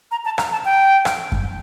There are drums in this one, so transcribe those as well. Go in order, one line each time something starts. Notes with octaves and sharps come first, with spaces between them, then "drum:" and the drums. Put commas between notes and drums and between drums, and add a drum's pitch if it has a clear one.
A#5
A5
A#5, drum: rim click
A5
G5
drum: rim click
drum: kick F#2